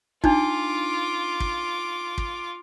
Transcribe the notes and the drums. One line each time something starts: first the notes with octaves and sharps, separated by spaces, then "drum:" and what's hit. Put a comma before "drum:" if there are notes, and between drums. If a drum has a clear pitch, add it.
D4 D#4 F4 D6, drum: kick
drum: kick
drum: kick